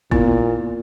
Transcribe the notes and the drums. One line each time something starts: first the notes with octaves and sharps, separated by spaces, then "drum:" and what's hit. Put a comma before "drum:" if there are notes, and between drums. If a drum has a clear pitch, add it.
A#2 B3 E4, drum: kick